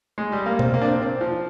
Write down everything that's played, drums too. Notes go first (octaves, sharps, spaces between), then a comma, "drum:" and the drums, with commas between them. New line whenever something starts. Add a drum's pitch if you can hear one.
G#3
G3
A#3
C4, drum: tom B2
A#3
D4
C4
C4
F3